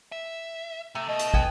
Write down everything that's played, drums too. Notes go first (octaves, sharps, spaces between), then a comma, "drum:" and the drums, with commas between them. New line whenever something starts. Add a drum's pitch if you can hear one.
E5
C3 A3
B2 D#5
drum: hi-hat
B3 G5 G#5, drum: kick